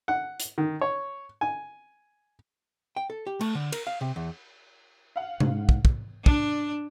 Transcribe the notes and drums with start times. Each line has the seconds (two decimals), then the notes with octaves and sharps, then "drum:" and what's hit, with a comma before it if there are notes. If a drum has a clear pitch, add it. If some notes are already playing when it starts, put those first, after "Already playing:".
0.08 F#5
0.40 drum: hi-hat
0.58 D#3
0.81 C#5
1.41 G#5
2.96 G5
3.10 A4
3.27 G4
3.41 A3, drum: cymbal
3.55 D3
3.72 A#4, drum: cymbal
3.87 F5
4.01 C3
4.16 E2
5.16 F5 F#5
5.40 G#2, drum: tom C3
5.69 drum: kick
5.85 drum: kick
6.26 D4, drum: kick